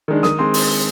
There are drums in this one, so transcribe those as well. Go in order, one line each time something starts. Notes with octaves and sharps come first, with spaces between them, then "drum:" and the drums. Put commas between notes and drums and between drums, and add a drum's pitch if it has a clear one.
D#3 G#3 D4
D#3 D#6, drum: snare
G#3 C4 C6
drum: open hi-hat